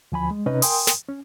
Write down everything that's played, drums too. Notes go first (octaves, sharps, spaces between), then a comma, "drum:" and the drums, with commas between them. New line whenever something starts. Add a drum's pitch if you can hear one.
D2 F3 G#5 B5
G#3
C3 C#4 D#4 B4 D#5
A#4 G5 G#5 C6 D#6, drum: open hi-hat
drum: snare
C#4